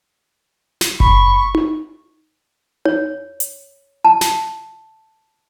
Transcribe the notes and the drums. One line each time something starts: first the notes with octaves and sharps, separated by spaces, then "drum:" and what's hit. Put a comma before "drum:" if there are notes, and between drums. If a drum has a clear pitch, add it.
drum: snare
B5 C#6, drum: kick F#1
drum: tom D#4
C#5, drum: tom D#4
drum: hi-hat
A5
drum: snare